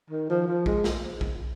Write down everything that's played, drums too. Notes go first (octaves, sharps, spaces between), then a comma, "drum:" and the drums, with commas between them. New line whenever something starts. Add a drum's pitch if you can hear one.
D#3
F3
F3
G#3, drum: kick A#1
drum: snare
drum: kick A#1